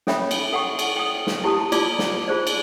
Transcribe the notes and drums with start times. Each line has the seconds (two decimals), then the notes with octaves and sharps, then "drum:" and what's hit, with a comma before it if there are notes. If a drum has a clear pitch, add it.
0.07 C#4 A4 C#5 E5 G5 B5, drum: snare
0.31 drum: cymbal
0.52 A4 F#5 G5 C#6
0.79 drum: cymbal
0.97 G5 D#6
1.27 drum: snare
1.44 E4 G4 A5 D#6
1.72 E4 F4 D5 D6, drum: cymbal
1.99 drum: snare
2.28 F4 G#4 C5 D5
2.47 drum: cymbal